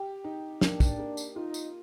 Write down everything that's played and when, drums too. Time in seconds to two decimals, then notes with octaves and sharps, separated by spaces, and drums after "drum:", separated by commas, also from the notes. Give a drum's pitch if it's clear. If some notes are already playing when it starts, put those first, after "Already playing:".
Already playing: G4
0.24 D#4
0.61 A#3 D4, drum: snare
0.80 drum: kick, tambourine
0.99 A#3
1.17 drum: tambourine
1.35 D#4 F4
1.54 drum: tambourine